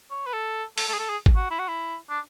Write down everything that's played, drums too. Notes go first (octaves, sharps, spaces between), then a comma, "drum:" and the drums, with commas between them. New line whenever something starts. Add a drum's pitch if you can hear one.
C#5
B4
A4
A4, drum: open hi-hat
A4
G#4
A4
G#4
drum: kick G#1
F#4
E4
F#4
E4
D4